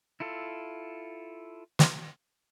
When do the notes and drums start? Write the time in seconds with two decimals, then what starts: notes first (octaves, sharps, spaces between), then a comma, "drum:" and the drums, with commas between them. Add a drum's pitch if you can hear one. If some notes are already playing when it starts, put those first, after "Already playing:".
0.20 E4 F4 A4
1.79 drum: snare